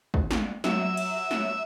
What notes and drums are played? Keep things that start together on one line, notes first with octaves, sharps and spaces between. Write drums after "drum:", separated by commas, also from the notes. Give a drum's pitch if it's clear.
drum: kick
drum: snare
F#3 E5, drum: snare
drum: cymbal
drum: snare